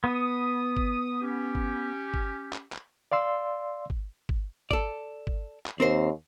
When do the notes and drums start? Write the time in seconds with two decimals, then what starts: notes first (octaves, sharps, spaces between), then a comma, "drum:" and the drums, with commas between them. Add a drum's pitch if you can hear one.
0.04 B3 D#6
0.77 drum: kick G1
1.21 C#4 G4
1.55 drum: kick G1
2.14 drum: kick G1
2.53 drum: clap
2.72 drum: clap
3.12 D5 F5 C6 E6
3.90 drum: kick G1
4.29 drum: kick G1
4.71 A4 D5, drum: kick G1
5.27 drum: kick G1
5.66 drum: clap
5.80 D#2 C4 A#4 C5